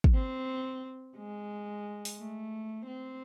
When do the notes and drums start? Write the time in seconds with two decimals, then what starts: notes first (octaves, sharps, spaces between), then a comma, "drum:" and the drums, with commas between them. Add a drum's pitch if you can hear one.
0.04 drum: kick
0.14 C4
1.17 G#3
2.05 drum: open hi-hat
2.19 A3
2.87 C4